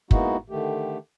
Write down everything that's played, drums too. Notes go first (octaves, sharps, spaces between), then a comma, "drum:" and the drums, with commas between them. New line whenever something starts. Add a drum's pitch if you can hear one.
G#3 A#3 B3 D#4 E4 F#4, drum: kick
D3 D#3 A3 G4